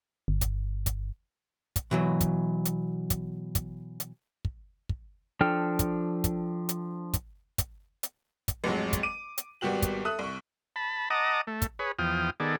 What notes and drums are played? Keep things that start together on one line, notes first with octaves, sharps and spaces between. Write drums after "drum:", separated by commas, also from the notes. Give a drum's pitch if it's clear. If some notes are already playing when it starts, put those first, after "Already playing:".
G1
drum: kick, hi-hat
drum: kick, hi-hat
drum: kick, hi-hat
B2 E3 F#3
drum: kick, hi-hat
drum: hi-hat
drum: kick, hi-hat
drum: kick, hi-hat
drum: hi-hat
drum: kick
drum: kick
F3 D4 A4 G5 F6
drum: kick, hi-hat
drum: kick, hi-hat
drum: hi-hat
drum: kick, hi-hat
drum: kick, hi-hat
drum: hi-hat
drum: kick, hi-hat
A1 F2 F#3 G#3
drum: kick, hi-hat
D6 D#7
drum: hi-hat
G#1 G3 B3 F#4 G4 F#7
drum: kick, hi-hat
A4 E5 D#6 F#6
C2 C#6
A5 B5
D#5 F#5 A5 A#5 D6 D#6
A3
drum: kick, hi-hat
G#4 B4 C#5
E2 F3 G5 D#6 F6
D#3 B3 G#4 A4 D5